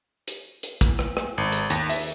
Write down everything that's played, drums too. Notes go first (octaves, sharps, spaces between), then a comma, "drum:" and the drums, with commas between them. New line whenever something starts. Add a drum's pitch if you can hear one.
drum: hi-hat
drum: hi-hat
drum: kick, hi-hat
drum: rim click
drum: rim click
G#1
drum: hi-hat
D#2, drum: hi-hat
E5, drum: open hi-hat